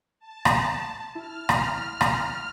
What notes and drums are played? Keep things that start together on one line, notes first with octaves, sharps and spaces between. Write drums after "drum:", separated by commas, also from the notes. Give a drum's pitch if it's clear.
A5
drum: rim click
E4 F6
drum: rim click
drum: rim click